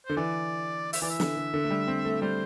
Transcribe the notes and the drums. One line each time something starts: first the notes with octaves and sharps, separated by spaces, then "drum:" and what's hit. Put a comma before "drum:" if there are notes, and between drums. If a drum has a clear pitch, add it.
D3 C5
E3 D5
E5, drum: open hi-hat
E3 D5
E5
D3, drum: snare
D3
D3
A3
G3
C4
A3
G3 C5